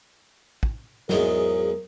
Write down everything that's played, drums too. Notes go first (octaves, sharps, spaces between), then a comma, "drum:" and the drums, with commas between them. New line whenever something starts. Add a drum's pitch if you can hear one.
drum: kick
E2 G#2 F#3 A#4, drum: snare